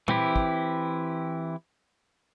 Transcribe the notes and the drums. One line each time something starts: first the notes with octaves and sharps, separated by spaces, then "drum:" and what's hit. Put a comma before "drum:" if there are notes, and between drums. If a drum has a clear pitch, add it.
E3 C4 E4 G4, drum: tom
drum: kick